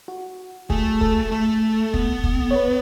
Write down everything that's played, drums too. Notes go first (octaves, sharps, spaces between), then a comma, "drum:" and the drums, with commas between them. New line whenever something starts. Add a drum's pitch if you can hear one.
F#4
A3 G#4, drum: kick
A4, drum: kick
A3
B3, drum: kick
drum: kick
C#5
B4